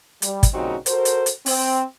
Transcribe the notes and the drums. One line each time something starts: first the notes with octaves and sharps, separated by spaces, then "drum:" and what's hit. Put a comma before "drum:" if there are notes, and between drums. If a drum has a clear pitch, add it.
G3, drum: hi-hat
drum: kick, hi-hat
A#2 C#3 G3 C4 D#4 F#4
F#4 A4 A#4 C5, drum: hi-hat
drum: hi-hat
drum: hi-hat
C4, drum: open hi-hat